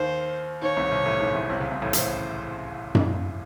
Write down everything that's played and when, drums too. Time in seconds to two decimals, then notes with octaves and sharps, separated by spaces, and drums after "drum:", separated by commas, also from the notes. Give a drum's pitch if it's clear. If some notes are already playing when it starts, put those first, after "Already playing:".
Already playing: D#2 D#3 C5
0.62 D#2 D#3 C#5
0.77 C2 C3
0.91 C2 C3
1.06 A1 A2
1.20 G#1 G#2
1.35 A1 A2
1.50 C2 C3
1.60 C#2 C#3
1.71 C2 C3
1.82 A1 A2
1.93 A1 A2 C5, drum: hi-hat
2.95 drum: tom F#2